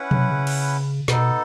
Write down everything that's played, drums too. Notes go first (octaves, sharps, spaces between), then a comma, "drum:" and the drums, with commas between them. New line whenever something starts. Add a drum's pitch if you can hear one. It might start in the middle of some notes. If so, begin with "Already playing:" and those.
Already playing: C#4 E4 B4 F#5
F#3, drum: tom B2
C#3
drum: cymbal
B2 B3 D#4 A4, drum: snare